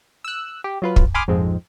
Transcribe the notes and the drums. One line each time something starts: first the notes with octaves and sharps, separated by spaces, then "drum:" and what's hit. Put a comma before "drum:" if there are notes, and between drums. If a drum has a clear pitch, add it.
E6 F#6
G4
F#3 F4 B4
drum: kick
G#5 B5 C6 D6 D#6 F6
A#1 F2 G#2 F3 G#3 C4